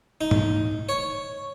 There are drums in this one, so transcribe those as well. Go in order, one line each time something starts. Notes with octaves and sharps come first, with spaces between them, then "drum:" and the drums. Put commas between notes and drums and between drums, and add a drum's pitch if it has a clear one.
D#4
drum: tom G#2
C#5